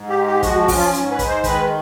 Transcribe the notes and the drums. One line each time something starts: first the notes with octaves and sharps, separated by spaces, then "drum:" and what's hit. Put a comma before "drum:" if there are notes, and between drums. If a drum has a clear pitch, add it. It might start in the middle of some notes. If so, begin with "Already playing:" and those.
Already playing: G#2
G4
G#3
G4
F3 F#4, drum: kick, hi-hat
F#4
C#4, drum: kick, open hi-hat
F4
G#2, drum: hi-hat
B4
G#3, drum: kick, hi-hat
C5
D#3 B4, drum: kick, hi-hat